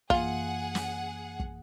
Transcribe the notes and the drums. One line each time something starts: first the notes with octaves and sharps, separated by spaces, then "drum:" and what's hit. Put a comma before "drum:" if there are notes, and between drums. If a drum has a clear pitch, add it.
F#2 E3 A#3 F4 G#4 F#5, drum: kick
drum: snare
drum: kick